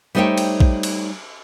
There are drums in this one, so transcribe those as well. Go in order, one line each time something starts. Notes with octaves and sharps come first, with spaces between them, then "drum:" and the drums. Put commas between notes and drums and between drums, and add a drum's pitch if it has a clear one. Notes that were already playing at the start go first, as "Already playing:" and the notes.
G3 A3 D#4 C5 C#5 G5
drum: cymbal
drum: kick
drum: cymbal